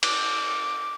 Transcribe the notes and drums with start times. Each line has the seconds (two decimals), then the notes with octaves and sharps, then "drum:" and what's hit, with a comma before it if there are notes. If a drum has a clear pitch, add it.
0.03 D6, drum: cymbal